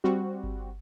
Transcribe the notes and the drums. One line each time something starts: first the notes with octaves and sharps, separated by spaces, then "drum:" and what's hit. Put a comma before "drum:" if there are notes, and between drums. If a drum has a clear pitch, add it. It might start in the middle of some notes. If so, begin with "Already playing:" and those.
G3 C4 F#4
drum: kick G1